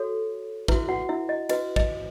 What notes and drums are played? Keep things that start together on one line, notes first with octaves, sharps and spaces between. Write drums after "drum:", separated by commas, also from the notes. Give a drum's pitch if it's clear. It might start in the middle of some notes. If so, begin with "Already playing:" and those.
Already playing: F#4 A4 C#5
E4 F#4 B4 E5, drum: kick
F#4 F#5
E4 E5
D#5
F#4 B4 D#5, drum: cymbal
D#5, drum: kick